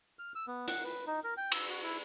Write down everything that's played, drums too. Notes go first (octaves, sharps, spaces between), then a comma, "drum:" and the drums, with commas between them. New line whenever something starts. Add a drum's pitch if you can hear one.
F6
E6
B3
F#5, drum: hi-hat
B4
D#4
A#4
G5
E6, drum: cymbal
F#4
E4